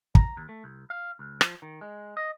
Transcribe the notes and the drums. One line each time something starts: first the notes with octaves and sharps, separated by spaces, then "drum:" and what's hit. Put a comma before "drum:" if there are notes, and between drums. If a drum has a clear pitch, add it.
A#5, drum: kick
D#2
A3
C2
F5
C#2
F3, drum: rim click
D#3
G#3
D#5